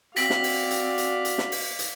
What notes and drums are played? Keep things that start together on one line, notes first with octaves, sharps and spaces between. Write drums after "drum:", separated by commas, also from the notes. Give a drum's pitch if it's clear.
C4 F#4 D5 F5 A#6 B6 F#7, drum: hi-hat
drum: snare
drum: open hi-hat
drum: hi-hat
drum: hi-hat
drum: hi-hat
drum: snare
drum: open hi-hat
drum: hi-hat